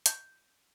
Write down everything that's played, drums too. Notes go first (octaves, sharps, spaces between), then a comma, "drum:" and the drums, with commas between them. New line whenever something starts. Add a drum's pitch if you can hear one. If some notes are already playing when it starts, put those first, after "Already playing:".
G6, drum: hi-hat